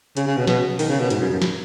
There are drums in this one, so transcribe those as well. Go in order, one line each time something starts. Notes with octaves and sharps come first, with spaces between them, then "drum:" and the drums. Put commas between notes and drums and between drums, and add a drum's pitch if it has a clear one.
C#3, drum: hi-hat
C#3
B2
B2, drum: snare
D#3, drum: open hi-hat
C#3
B2
G#2, drum: hi-hat
F#2
F#2
drum: snare